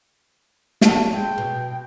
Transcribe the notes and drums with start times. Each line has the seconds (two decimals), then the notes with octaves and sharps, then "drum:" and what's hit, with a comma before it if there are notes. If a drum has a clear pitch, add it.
0.81 F#3 G3 E4 G4 F#5 A5, drum: snare
1.13 G#3 G5
1.38 B2